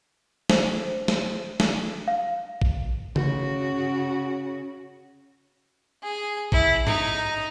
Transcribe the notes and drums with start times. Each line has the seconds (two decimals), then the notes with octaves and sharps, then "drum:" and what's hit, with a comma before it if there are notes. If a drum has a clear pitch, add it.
0.50 C5, drum: snare
1.08 drum: snare
1.60 drum: snare
2.08 F5
2.62 drum: kick A1
3.16 C#3 F#4, drum: tom C#3
6.02 G#4
6.52 E4, drum: kick A1
6.87 D#4, drum: tom